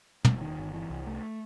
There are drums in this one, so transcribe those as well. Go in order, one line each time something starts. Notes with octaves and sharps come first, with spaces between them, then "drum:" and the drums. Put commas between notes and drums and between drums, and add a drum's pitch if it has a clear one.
E1, drum: tom
D#3
G1
E3
C2
A3